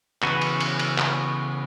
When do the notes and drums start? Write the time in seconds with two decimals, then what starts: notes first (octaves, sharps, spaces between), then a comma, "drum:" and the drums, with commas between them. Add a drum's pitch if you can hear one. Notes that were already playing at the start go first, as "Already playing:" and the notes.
0.23 C#3 E3 B3 F#4 B4, drum: clap
0.41 drum: cymbal
0.60 drum: cymbal
0.79 drum: cymbal
0.98 drum: clap